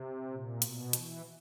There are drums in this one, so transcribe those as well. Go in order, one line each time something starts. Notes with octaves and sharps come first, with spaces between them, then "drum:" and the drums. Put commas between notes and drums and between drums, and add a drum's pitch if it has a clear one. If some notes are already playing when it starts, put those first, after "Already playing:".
Already playing: C3
A#2
B2, drum: hi-hat
E3, drum: hi-hat